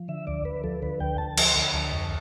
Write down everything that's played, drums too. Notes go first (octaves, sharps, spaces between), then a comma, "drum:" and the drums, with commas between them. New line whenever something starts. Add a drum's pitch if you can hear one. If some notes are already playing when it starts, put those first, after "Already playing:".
Already playing: F3
D3 E5
D2 D5
D2 B4
F3 A4
D3 B4
D2 G5
D2 A5
F3, drum: cymbal
C6
D3 B5
D2 A5
F2